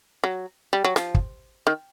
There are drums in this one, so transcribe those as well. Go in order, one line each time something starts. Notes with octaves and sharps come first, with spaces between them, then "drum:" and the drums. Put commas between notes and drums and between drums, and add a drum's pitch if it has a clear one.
F#3
G3
F#3
F3, drum: snare
drum: kick
D#3